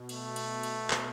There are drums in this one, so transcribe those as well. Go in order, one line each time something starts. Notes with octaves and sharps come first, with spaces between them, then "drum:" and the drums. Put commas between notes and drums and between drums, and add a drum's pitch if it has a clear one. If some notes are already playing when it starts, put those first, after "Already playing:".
Already playing: B2
A3, drum: cymbal
drum: cymbal
drum: cymbal
drum: clap